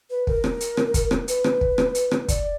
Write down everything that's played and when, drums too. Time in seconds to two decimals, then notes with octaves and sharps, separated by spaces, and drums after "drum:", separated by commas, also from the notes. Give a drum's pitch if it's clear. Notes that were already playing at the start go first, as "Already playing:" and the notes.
0.10 B4
0.27 A#4, drum: kick
0.44 drum: rim click
0.60 drum: hi-hat
0.77 drum: rim click
0.94 drum: kick, hi-hat
1.11 drum: rim click
1.28 B4, drum: hi-hat
1.44 drum: rim click
1.61 drum: kick
1.78 drum: rim click
1.95 drum: hi-hat
2.11 drum: rim click
2.28 D5, drum: kick, hi-hat